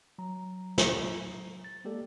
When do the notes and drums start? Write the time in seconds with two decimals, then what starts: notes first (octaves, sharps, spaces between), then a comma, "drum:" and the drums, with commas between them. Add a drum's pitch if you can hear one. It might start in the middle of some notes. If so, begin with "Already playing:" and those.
0.18 F#3 A#5
0.78 drum: snare
1.64 A6
1.85 G#3 A#3 G4 A4 D5